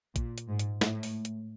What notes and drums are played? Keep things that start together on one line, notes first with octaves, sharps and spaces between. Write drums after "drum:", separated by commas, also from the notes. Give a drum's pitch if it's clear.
A#2, drum: kick A1, hi-hat
drum: hi-hat
G#2
drum: hi-hat
A2, drum: snare
drum: open hi-hat
drum: hi-hat